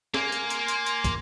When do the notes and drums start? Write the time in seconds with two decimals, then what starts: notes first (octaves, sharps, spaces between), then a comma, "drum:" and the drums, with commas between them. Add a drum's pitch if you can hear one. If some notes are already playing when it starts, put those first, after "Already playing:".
0.14 A#3 G#5 C6, drum: snare
0.32 drum: hi-hat
0.50 drum: hi-hat
0.68 drum: hi-hat
0.86 drum: hi-hat
1.05 drum: kick, hi-hat